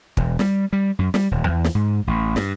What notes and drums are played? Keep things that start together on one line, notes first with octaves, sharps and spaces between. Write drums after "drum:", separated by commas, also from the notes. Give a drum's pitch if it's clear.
E1, drum: kick
G3, drum: snare
G3
F#2
G3, drum: snare
D#1
E2
drum: snare
G#2
A1
G2, drum: snare